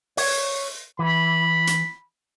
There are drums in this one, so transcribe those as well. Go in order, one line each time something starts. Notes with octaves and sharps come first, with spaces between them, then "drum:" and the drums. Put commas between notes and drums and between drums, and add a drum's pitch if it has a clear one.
C#5, drum: open hi-hat
E3 B5
drum: hi-hat